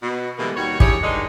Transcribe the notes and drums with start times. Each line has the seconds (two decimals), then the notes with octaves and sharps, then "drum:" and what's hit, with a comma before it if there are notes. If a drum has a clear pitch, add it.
0.03 B2
0.39 B2 D3 E3 G3 G#3 A#3
0.56 D#2 G3 F#4 C#5
0.80 D4 E4 G4 G#4 C#5, drum: kick
1.03 G2 D3 G#3 D4 D#4